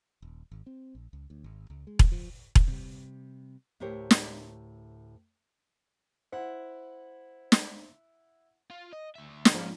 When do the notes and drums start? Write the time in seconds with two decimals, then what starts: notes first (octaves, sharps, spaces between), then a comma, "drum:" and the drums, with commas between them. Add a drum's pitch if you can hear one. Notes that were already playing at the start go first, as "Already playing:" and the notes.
0.22 D#1
0.51 G#1
0.66 C4
0.95 A#1
1.13 C#2
1.30 D2
1.44 G#1
1.70 C#2
1.87 G#3
1.99 drum: kick E1
2.12 F3
2.55 drum: kick E1
2.68 C3 G3
3.80 D2 A2 G4 A#4 C5 C#5
4.11 drum: snare
6.32 E4 C5 F#5
7.52 drum: snare
8.70 F4
8.93 D#5
9.15 D2 E5
9.45 drum: snare
9.54 G#2 F3 A#3 C#4